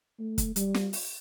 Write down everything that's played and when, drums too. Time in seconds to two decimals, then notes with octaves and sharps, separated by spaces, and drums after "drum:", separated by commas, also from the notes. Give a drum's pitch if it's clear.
0.19 A3
0.38 drum: kick, hi-hat
0.56 G3, drum: hi-hat
0.74 drum: snare
0.93 drum: open hi-hat